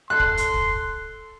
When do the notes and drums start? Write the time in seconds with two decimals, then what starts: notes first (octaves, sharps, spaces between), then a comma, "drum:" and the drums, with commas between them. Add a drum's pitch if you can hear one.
0.10 A4 C6 F#6
0.20 drum: kick
0.37 drum: hi-hat
0.54 drum: kick